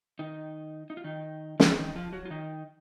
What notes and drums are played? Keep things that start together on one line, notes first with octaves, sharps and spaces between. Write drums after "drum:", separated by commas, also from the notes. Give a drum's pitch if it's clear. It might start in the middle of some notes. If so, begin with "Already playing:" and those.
D#3 D#4
D#4
F4
D#3 D#4
C#3 C#4, drum: snare
D#3 D#4
F3 F4
F#3 F#4
F4
D#3 D#4